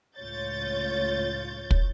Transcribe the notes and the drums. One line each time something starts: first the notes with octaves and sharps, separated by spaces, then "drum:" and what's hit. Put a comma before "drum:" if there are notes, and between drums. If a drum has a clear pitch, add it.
C#2 A2 F4 C#5 G6 A6
drum: kick